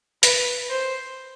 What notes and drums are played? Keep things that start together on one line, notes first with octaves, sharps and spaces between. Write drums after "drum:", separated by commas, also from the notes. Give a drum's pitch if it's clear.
B4, drum: hi-hat
C5